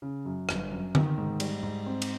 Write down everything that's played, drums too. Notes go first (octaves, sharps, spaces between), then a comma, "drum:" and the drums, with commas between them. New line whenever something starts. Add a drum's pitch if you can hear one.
C#3
F#2
G1, drum: rim click
F#2
D#3, drum: tom D3
G#2
G3, drum: cymbal
G#2
C4
drum: cymbal